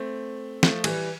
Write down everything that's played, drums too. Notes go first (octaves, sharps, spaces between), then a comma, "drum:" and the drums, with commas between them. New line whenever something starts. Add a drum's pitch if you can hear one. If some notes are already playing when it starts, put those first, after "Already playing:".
Already playing: A3 C4
F3 A3, drum: snare
E3 G3, drum: cymbal